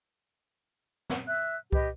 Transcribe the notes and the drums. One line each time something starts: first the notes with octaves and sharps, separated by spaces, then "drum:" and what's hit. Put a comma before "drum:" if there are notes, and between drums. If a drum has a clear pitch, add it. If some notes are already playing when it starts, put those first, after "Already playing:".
drum: snare
E5 F#6
G4 B4 D#5, drum: kick C2